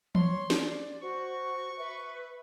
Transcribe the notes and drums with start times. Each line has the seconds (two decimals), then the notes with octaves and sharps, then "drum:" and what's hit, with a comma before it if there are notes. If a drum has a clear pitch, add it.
0.15 C#5 C6, drum: tom E3
0.50 D5, drum: snare
1.02 F#4 C5 C#6
1.78 B4 E5